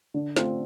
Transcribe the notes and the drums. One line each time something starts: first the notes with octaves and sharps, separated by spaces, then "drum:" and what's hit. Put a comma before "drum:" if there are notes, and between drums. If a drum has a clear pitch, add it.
D3
A3 C4 F4 A4, drum: snare